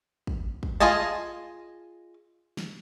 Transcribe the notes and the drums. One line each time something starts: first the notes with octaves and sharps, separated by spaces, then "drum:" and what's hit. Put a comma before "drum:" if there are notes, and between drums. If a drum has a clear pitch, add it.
drum: kick
drum: kick
F4 G#4 D#5 G#5 A5
drum: snare